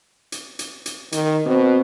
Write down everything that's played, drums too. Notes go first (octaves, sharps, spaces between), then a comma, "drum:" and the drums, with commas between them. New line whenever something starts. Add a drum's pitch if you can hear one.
drum: hi-hat
drum: hi-hat
drum: hi-hat
D#3, drum: hi-hat
B2 C4 C5